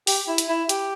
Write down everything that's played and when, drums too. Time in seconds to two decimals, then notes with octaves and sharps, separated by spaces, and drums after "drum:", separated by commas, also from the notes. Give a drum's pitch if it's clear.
0.07 G4, drum: open hi-hat
0.28 E4
0.38 drum: hi-hat
0.49 E4
0.69 G4, drum: hi-hat